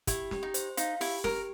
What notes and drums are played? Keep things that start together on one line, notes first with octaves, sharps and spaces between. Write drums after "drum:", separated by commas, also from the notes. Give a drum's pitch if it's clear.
E4 G4, drum: kick, hi-hat
G4, drum: snare
D#4
C5, drum: hi-hat
D#4 F5, drum: hi-hat
E4 G4, drum: open hi-hat
G4 A#4, drum: snare